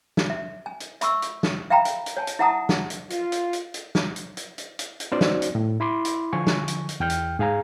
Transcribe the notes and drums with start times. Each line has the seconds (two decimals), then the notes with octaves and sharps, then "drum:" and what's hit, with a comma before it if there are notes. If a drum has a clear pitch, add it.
0.17 drum: snare
0.30 E5
0.66 G#5
0.80 drum: hi-hat
1.01 E5 B5 C#6 E6, drum: hi-hat
1.22 drum: hi-hat
1.43 drum: snare
1.70 E5 F5 G5 A#5 B5
1.85 drum: hi-hat
2.06 drum: hi-hat
2.17 C#5 G#5 A5
2.27 drum: hi-hat
2.39 E4 E5 F#5 A5 A#5 D#6
2.69 drum: snare
2.90 drum: hi-hat
3.10 F4, drum: hi-hat
3.32 drum: hi-hat
3.53 drum: hi-hat
3.74 drum: hi-hat
3.95 drum: snare
4.16 drum: hi-hat
4.37 drum: hi-hat
4.58 drum: hi-hat
4.79 drum: hi-hat
5.00 drum: hi-hat
5.12 B3 C#4 D#4 F#4 C5 D5
5.21 drum: snare
5.42 drum: hi-hat
5.55 A2
5.80 E4 B5 C6 D6
6.05 drum: hi-hat
6.33 D3 F3 G#5 C#6
6.47 drum: snare
6.68 drum: hi-hat
6.89 drum: hi-hat
7.00 E2 G5 F6 G6
7.10 drum: hi-hat
7.39 G#2 G#4 F5 G#5 A#5